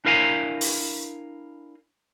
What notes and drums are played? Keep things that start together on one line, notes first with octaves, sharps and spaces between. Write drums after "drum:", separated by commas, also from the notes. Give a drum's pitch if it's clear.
D4 E4 A#4 F5 G#5 A#5
drum: open hi-hat